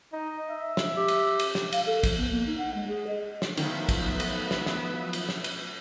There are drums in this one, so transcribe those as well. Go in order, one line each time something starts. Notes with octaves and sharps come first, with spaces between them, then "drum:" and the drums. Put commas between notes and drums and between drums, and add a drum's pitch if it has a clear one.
D#4 D#5
E5
drum: snare
G4
drum: cymbal
drum: cymbal
drum: snare
F5, drum: cymbal
A4
F3, drum: kick, cymbal
B3
A#3
D#4
F#5
G#3
G#4
D#5
drum: snare
D#3 F3 F#3 A3 B3 F4 E5, drum: cymbal
drum: kick, cymbal
drum: cymbal
drum: snare
drum: snare
drum: cymbal
drum: snare
drum: cymbal